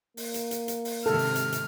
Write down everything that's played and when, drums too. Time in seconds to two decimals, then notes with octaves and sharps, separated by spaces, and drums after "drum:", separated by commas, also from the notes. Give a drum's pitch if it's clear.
0.17 A#3, drum: open hi-hat
0.34 drum: hi-hat
0.51 drum: hi-hat
0.68 drum: hi-hat
0.85 drum: open hi-hat
1.06 G#2 C3 D#3 A4 F6
1.19 drum: open hi-hat
1.36 drum: hi-hat
1.52 drum: hi-hat